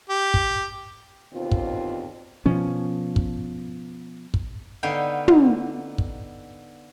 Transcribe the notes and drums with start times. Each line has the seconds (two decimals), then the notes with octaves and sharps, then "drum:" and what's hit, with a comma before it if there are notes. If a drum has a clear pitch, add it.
0.09 G4
0.34 drum: kick
1.33 D#2 B2 D3 C4 F4 C5
1.51 drum: kick
2.46 B2 F3 C#4
3.16 drum: kick
4.34 drum: kick
4.83 D3 B3 D#4 F5 G5
5.28 drum: tom
5.98 drum: kick